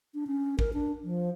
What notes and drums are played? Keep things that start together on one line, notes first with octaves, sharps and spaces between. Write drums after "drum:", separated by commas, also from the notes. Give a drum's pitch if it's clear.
D4
C#4
A#4, drum: kick
D4
F3